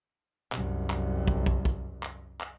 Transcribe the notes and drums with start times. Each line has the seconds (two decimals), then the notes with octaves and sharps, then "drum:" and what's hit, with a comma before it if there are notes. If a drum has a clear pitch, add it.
0.52 C2 F#2, drum: clap
0.90 drum: clap
1.28 drum: kick
1.46 drum: kick
1.65 drum: kick
2.03 drum: clap
2.41 drum: clap